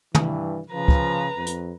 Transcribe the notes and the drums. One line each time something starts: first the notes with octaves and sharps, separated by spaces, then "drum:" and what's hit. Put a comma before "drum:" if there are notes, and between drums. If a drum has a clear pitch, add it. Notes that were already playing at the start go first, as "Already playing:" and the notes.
G2 E3, drum: tom
C#3 F3 B4 A#5
drum: kick
F2
drum: hi-hat